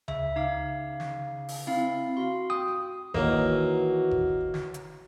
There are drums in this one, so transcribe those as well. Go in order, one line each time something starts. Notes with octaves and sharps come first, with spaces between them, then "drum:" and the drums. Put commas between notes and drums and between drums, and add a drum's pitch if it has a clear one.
C#3 E5, drum: tom C#2
D#4 F5 D6
drum: snare
drum: open hi-hat
C4 E4 F5
F#4 F5 C6
G5 D#6
D#3 E3 F#3 A#3 F#4, drum: kick F#1
drum: kick F#1
drum: snare
drum: hi-hat